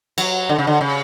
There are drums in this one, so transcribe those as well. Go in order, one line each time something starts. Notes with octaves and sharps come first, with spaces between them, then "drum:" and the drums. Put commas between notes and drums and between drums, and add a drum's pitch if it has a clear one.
F#3, drum: cymbal
D3
C#3
D3
C#3